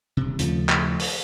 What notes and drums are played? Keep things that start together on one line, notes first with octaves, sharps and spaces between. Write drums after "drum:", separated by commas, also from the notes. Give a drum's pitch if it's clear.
D#1 C3
D#2 C#3 F3 A3 F4, drum: hi-hat
drum: clap
drum: open hi-hat